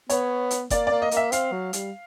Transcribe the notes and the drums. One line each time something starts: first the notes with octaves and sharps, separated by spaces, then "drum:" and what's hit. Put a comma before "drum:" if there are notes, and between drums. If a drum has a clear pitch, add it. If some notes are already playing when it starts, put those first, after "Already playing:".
B3 C#5, drum: hi-hat
drum: hi-hat
A#3 D5, drum: kick F#1, hi-hat
A#3 D5
D#5
A#3, drum: hi-hat
E5
C4 F5, drum: hi-hat
F#3
G3, drum: hi-hat